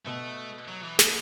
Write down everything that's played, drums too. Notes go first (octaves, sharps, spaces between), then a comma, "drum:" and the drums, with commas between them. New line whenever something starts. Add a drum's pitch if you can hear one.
B2 A3
F#3
E3
B2, drum: snare